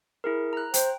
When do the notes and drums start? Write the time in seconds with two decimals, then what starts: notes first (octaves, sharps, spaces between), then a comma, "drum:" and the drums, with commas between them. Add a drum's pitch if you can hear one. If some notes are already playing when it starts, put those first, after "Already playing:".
0.24 E4 G#4 A#4
0.53 A#5 F#6
0.74 C5 G5, drum: hi-hat